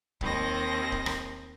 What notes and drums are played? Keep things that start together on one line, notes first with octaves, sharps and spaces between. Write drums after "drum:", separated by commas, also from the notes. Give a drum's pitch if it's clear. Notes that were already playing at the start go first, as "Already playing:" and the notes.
D#2 C4 D#5 A#6, drum: kick
drum: kick
drum: rim click